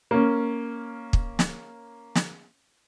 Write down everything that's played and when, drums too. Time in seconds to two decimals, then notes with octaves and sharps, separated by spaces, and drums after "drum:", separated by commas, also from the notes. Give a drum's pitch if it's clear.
0.11 A#3 C#4
1.13 drum: kick
1.39 drum: snare
2.15 drum: snare